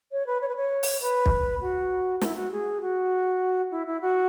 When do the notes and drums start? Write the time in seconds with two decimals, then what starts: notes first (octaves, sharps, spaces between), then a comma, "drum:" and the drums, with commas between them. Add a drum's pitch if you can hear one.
0.12 C#5
0.26 B4
0.41 C#5
0.48 B4
0.56 C#5
0.83 drum: open hi-hat
1.01 B4
1.26 drum: kick
1.61 F#4
2.21 E4, drum: snare
2.36 F#4
2.52 G#4
2.81 F#4
3.71 E4
3.86 E4
4.01 F#4